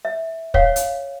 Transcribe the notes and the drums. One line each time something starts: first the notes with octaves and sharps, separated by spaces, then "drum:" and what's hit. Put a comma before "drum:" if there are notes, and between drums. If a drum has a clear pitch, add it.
E5
C#5 F5 F#5, drum: kick
drum: hi-hat